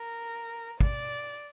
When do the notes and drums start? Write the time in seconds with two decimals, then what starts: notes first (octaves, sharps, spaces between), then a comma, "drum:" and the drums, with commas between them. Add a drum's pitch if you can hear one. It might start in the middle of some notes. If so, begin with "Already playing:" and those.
Already playing: A#4
0.80 D5, drum: kick